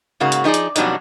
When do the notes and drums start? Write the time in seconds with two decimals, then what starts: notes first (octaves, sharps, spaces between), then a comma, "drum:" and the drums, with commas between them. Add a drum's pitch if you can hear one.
0.20 G#2 C#3 A#3 F#4
0.32 drum: hi-hat
0.44 F3 D#4 G4 G#4 D5
0.54 drum: hi-hat
0.76 F2 B2 F#3 G3 D4 D#4, drum: hi-hat